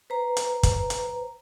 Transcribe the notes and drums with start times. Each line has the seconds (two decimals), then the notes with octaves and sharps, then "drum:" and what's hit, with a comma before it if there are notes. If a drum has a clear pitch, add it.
0.10 B4 C5 A#5
0.37 drum: hi-hat
0.63 drum: kick, hi-hat
0.90 drum: hi-hat